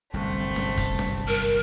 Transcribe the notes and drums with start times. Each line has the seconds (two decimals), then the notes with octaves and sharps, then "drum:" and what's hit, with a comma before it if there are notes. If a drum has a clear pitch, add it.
0.13 G1 C2 F#2 A3 C4
0.56 drum: snare C#4
0.77 drum: kick, hi-hat
0.99 drum: snare C#4
1.27 A#4
1.41 drum: hi-hat